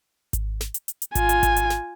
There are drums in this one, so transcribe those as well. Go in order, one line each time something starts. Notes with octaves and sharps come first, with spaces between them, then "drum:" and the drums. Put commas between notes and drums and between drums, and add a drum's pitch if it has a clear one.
drum: kick G#1, hi-hat
drum: snare
drum: hi-hat
drum: hi-hat
drum: hi-hat
F4 G#5, drum: kick G#1, hi-hat
drum: hi-hat
drum: kick G#1, hi-hat
drum: hi-hat
drum: snare